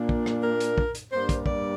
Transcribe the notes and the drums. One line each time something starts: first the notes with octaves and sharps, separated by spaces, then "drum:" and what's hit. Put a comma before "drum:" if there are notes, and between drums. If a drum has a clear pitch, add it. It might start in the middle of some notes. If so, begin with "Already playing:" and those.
Already playing: A#2 A#3 D4
drum: kick
drum: rim click
A#4
drum: hi-hat
drum: kick
drum: hi-hat
G2 G3 A#3 D4 C5
drum: kick, hi-hat
D5, drum: kick